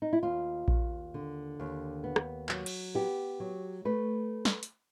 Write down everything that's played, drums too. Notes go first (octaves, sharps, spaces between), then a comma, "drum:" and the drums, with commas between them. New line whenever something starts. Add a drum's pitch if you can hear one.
D#4
E4
D#2 F4
D#2, drum: kick A#1
D3
D#2
B3
drum: rim click
F#3, drum: clap
drum: cymbal
B3 G4
F#3
A3 B4
drum: snare
drum: hi-hat